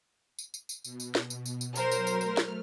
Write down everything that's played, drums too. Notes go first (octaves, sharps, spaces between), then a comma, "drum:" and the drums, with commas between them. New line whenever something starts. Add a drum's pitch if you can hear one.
drum: tambourine
drum: tambourine
drum: tambourine
B2, drum: tambourine
drum: tambourine
drum: snare
drum: tambourine
drum: tambourine
drum: tambourine
F#3 A#4 C5, drum: tambourine
drum: tambourine
drum: tambourine
A3 F6, drum: tambourine
drum: snare